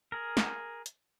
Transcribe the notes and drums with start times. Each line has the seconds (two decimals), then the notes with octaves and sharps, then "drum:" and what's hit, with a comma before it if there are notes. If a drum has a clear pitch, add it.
0.12 G#4 A#4
0.37 drum: snare
0.86 drum: hi-hat